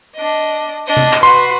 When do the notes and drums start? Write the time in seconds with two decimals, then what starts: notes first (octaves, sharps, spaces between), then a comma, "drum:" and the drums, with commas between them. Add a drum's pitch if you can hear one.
0.16 D4 D#5
0.87 D4 D#5
0.97 drum: tom C3
1.13 drum: clap
1.23 F#4 B4 C6